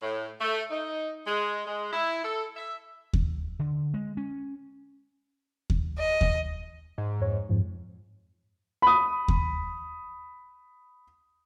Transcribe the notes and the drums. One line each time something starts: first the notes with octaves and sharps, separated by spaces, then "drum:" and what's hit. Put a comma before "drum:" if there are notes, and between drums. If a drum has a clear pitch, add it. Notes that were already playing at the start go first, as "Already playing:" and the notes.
A2
A3
D#4
G#3
G#3
E4
A4
E5
drum: kick D#2
D3
G#3
C#4
drum: kick D#2
D#5
drum: kick D#2
G#2
F2 C#5
F2 G#2 F3
B5 D#6
drum: kick D#2